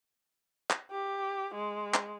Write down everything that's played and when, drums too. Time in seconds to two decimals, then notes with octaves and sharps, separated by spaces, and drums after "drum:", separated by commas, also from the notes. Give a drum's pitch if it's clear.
0.70 drum: clap
0.91 G4
1.55 G#3
1.94 drum: clap